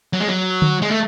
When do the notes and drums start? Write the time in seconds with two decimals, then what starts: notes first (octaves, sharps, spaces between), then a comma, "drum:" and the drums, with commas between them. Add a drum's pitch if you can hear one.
0.13 F#3
0.20 G#3
0.28 F#3
0.62 drum: tom D3
0.82 G#3
0.91 A3